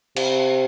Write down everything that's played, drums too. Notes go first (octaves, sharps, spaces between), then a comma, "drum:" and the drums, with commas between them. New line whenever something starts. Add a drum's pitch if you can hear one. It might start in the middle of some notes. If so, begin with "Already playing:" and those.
C3, drum: cymbal